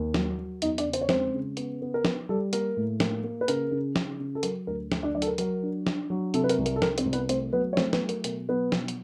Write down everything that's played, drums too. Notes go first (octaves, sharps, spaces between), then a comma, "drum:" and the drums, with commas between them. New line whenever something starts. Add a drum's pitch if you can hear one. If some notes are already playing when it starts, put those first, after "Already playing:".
Already playing: D#2
F#3, drum: snare
F#3
E2 D#4 D#5, drum: hi-hat
D4 D5, drum: hi-hat
C#3
C5, drum: hi-hat
C#5
G#3 C4 C5, drum: snare
C#3
B3, drum: hi-hat
B3
A#4
B3 B4, drum: snare
G3 A4
A#3 A#4, drum: hi-hat
A2
A#3, drum: snare
A#3
B4
C#3 A#4, drum: hi-hat
C#3
C#3, drum: snare
C#3
A4
F#3 A#4, drum: hi-hat
D2 A#4
D2, drum: snare
D4 D5
F#3 D4 D5
A4, drum: hi-hat
A#4
F#3 A#4, drum: hi-hat
D4
D4, drum: snare
F#3
C3 A4, drum: hi-hat
B4
A#4, drum: hi-hat
C2
A#4, drum: hi-hat
A4
C2 A#4, drum: snare
C4 C5, drum: hi-hat
C2
B3 B4, drum: hi-hat
A3 C4 C5, drum: hi-hat
F#3 B3 B4
C#5
A3 C4 C5, drum: snare
B3 B4, drum: snare
F#3
A#4, drum: hi-hat
B2 A#4, drum: hi-hat
F#3 B3 B4
B2, drum: snare
drum: hi-hat